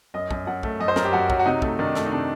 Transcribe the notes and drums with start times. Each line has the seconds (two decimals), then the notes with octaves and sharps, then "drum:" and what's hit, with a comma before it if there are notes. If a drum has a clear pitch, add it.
0.14 F#2 D#5
0.31 F#2, drum: kick
0.47 F#2 F#5
0.63 A3, drum: kick
0.80 F#2 D#5
0.88 C5
0.96 F#2 A#4, drum: snare
1.04 G4
1.13 F#2 F#4
1.30 F#3, drum: kick
1.39 F#4
1.46 C3 D#4
1.62 A3, drum: kick
1.79 D#3 D4
1.95 A3, drum: snare
2.06 D#4
2.12 C3 D4